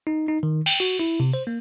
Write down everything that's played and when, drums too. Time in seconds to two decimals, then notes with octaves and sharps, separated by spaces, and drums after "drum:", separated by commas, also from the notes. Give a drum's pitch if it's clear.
0.07 D#4
0.28 D#4
0.43 D#3
0.66 G5, drum: cymbal
0.80 F#4
1.00 E4
1.20 C3
1.33 C5
1.47 A#3